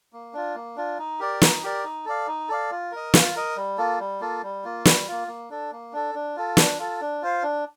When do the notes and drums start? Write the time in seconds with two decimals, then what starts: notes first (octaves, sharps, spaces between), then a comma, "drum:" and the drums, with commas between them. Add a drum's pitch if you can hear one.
0.13 A#3
0.34 D4 F4
0.55 A#3
0.76 D4 F4
0.99 D#4
1.20 G4 A#4 D5
1.42 D#4, drum: snare
1.63 G4 A#4 D5
1.84 D#4
2.06 A4 D5 F5
2.27 D#4
2.49 A4 D5 F5
2.71 F4
2.92 A#4 D#5
3.14 F4, drum: snare
3.36 A#4 D#5
3.56 G3
3.78 A#3 F4 A4
4.00 G3
4.20 A#3 F4 A4
4.43 G3
4.64 A#3 F4
4.85 G3, drum: snare
5.07 A#3 F4
5.28 A#3
5.50 D4 A4
5.72 A#3
5.93 D4 A4
6.15 D4
6.36 F4 A4
6.57 D4, drum: snare
6.78 F4 A4
7.01 D4
7.22 F4 C5 F5
7.43 D4